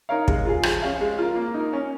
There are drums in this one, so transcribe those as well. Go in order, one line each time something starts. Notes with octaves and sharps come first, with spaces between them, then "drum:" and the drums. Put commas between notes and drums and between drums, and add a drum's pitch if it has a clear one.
D#4 A#4 C#5 F5
G#3, drum: kick
F4 G#4
F3, drum: rim click
C#4 G#4 F5
G#3
F4 A#4
A#3
D#4 A#4
C#4